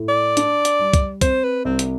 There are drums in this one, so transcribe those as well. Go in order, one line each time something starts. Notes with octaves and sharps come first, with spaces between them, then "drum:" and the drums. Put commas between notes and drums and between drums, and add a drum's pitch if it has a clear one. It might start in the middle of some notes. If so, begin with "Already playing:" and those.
Already playing: A2
D5
D4, drum: hi-hat
drum: hi-hat
G3
drum: kick, hi-hat
C4 C5, drum: kick, hi-hat
B4
C2 C4
drum: hi-hat